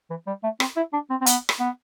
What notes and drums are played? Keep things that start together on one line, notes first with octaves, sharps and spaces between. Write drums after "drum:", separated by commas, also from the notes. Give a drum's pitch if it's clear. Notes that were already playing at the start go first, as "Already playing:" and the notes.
E3
G3
A3
C4, drum: rim click
E4
D4
C4
C4
B3, drum: hi-hat
drum: rim click
B3